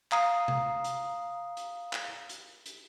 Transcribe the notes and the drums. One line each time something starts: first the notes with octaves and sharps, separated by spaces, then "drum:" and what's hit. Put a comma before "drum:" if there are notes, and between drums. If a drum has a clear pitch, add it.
F5 A#5 D#6 C7, drum: clap
drum: tom C3
drum: hi-hat
drum: hi-hat
drum: clap
drum: hi-hat
drum: hi-hat